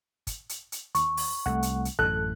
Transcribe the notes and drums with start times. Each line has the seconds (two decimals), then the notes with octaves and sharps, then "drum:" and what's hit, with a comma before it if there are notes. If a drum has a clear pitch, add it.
0.27 drum: kick, hi-hat
0.49 drum: hi-hat
0.72 drum: hi-hat
0.95 D#2 C#6, drum: hi-hat
1.17 drum: open hi-hat
1.46 C2 A3 F#5
1.63 drum: hi-hat
1.85 drum: hi-hat
1.99 A1 F#2 A4 F#6